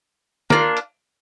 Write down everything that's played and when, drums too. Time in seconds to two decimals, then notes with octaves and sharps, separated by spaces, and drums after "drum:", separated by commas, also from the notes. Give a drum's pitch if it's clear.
0.50 A#3 D4 F4, drum: snare
0.77 drum: hi-hat